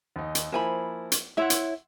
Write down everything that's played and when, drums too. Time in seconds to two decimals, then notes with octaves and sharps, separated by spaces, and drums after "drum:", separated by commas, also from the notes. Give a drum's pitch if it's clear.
0.16 D#2 D#4
0.35 drum: hi-hat
0.52 F3 A#3 E4 C5 G#5 B5
1.12 drum: hi-hat
1.37 E4 C#5 E5 F#5 C6 E6
1.50 drum: hi-hat